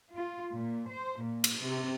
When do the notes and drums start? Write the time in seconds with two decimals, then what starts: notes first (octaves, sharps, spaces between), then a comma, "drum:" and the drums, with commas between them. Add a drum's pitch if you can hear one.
0.14 F4
0.55 A#2
0.92 C5
1.22 A#2
1.44 drum: cymbal
1.63 C3